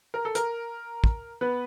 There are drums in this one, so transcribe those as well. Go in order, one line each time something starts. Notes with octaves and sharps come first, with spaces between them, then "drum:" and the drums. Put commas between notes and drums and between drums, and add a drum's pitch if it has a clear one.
A#4
A4
A#4, drum: hi-hat
drum: kick
B3 B4